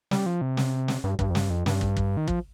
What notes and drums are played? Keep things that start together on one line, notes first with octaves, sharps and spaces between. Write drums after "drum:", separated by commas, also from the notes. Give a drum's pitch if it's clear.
G3, drum: snare
F3
C3
drum: snare
drum: snare
G2
G2, drum: kick
F2
G2, drum: snare
F2
G2, drum: snare
drum: kick
drum: kick
D#3
F3, drum: kick